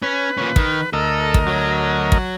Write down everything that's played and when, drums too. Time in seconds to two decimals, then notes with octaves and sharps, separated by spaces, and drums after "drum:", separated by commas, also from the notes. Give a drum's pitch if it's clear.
0.02 C#4 B4
0.37 A#2 C#4
0.56 D#3, drum: kick
0.93 D2 A4 A#4 D#5
1.34 drum: kick
1.47 F#3
2.12 drum: kick